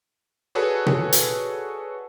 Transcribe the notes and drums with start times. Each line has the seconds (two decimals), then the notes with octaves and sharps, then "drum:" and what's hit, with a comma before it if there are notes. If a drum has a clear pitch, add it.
0.55 F#4 G#4 A4 B4 C#5 D5
0.86 drum: tom B2
1.12 drum: hi-hat